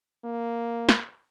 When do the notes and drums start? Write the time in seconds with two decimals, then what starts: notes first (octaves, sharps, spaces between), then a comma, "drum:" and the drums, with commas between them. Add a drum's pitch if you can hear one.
0.24 A#3
0.89 drum: snare